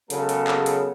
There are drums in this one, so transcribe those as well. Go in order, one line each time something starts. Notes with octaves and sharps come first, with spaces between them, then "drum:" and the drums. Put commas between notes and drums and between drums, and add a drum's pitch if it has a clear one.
C#3 F#3 G#3 B3 A4 A#4, drum: hi-hat
drum: hi-hat
drum: clap
drum: hi-hat